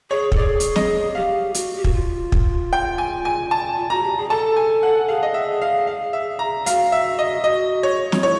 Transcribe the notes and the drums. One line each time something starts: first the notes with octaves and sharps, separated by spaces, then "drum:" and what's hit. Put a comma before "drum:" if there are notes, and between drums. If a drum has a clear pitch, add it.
G#4 C#5
A4, drum: kick
G#4 D5
drum: hi-hat
D#5, drum: snare
G4 F5
F#4, drum: hi-hat
G4
F#4, drum: kick
F4
drum: kick
G5
G#5
G#5
A5
F4
F#4 A#5
G4
G#4
A4 A5
G#5
F#5
G#4 F5
D#5
E5
F5
F5
E5
A#5
F#4 F5, drum: hi-hat
E5
D#5
F#4 D#5
C#5
F4, drum: snare
E4 C#5